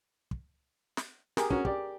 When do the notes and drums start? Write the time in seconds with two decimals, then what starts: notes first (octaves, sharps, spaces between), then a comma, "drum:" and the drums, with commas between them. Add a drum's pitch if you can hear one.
0.31 drum: kick
0.97 drum: snare
1.37 G4 G#4 A#4, drum: snare
1.50 C#4 F#4, drum: kick
1.65 G4 D5, drum: kick